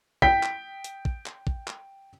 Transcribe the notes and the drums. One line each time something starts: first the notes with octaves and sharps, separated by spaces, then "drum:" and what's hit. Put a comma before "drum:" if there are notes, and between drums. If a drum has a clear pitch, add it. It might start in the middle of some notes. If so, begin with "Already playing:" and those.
G5 B6, drum: kick
drum: clap
drum: hi-hat
drum: kick
drum: clap
drum: kick
drum: clap